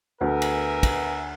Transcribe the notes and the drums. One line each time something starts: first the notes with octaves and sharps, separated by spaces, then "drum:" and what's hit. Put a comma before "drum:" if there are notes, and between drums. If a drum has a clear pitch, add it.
D2 B3 A#4 E5 G#5
drum: cymbal
drum: kick, cymbal